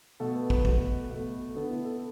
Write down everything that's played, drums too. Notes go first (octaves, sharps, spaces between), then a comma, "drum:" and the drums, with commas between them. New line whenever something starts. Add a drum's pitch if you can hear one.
B2 A3 A4
B4
B4, drum: kick
B2 A3, drum: kick
B2 A3
D3 B3 A4
E4
A4